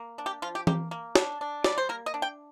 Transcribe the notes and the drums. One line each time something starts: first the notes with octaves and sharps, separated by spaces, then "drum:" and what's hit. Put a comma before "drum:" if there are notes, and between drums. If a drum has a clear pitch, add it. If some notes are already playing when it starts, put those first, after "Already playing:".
Already playing: A#3
D4
G4
F3 F4
G4
A#3 G4, drum: tom E3
A#3
D4, drum: snare
D4
G3 D5, drum: snare
C5
A#3 A#4
D#5
D4
G5